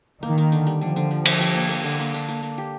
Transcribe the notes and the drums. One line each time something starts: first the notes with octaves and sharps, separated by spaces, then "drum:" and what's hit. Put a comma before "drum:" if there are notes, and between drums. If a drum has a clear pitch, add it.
D#3 A#3
A#3
D3
G3
D3 F3
D3
G3
D4, drum: cymbal
G3
A#3
A#3
D3
A#3
D4
A#3
A#3
G4